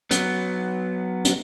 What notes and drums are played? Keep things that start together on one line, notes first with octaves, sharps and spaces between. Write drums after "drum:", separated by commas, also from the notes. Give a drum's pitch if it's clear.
F#3 B3, drum: hi-hat
drum: hi-hat